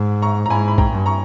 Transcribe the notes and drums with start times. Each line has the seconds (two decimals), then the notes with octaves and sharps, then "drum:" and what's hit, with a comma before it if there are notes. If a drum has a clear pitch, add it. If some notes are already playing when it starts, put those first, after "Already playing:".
Already playing: G#2
0.22 A#5 C#6
0.46 A#5
0.50 G#2 G#5 B5
0.68 B5
0.78 G5 A#5, drum: kick A#1
0.92 G2
1.06 A#5 C#6